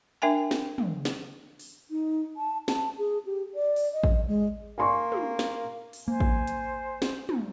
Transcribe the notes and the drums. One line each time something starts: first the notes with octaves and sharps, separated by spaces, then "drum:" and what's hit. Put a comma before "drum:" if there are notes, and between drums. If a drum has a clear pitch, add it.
D4 A#4 E5 G5 G#5
drum: snare
drum: tom
drum: snare
drum: open hi-hat
D#4
A5
A5, drum: snare
G#4
G4
D5
drum: open hi-hat
D#5
drum: kick A1
G#3
A#3 G#5 C6 C#6
drum: tom
drum: snare
drum: open hi-hat
A#3 C5 G#5
drum: kick A1
drum: hi-hat
drum: snare
drum: tom